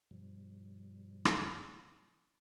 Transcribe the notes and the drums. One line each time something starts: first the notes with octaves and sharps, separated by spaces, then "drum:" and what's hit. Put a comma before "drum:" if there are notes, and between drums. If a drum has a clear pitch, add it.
G2 B2 F3 G3
drum: rim click